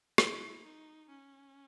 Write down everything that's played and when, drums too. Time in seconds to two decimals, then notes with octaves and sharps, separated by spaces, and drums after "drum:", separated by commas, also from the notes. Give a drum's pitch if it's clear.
0.18 E4, drum: rim click
0.64 D#4
1.09 C#4